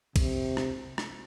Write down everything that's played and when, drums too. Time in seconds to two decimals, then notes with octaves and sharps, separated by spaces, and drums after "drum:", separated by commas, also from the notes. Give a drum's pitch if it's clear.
0.16 C3, drum: kick, cymbal
0.57 drum: rim click
0.98 drum: rim click